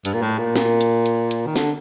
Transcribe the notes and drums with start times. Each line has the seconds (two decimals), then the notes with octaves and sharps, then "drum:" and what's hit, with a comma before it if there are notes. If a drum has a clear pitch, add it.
0.05 G2, drum: hi-hat
0.14 A#2
0.22 A2
0.38 A#2
0.55 A#2, drum: snare
0.81 drum: hi-hat
1.06 drum: hi-hat
1.31 drum: hi-hat
1.47 D#3
1.56 D3, drum: snare